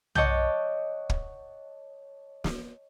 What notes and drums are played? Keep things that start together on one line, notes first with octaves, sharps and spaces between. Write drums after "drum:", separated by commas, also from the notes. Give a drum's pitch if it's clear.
C#5 D#5 F#5 A5 D6 G6, drum: tom
drum: kick
drum: snare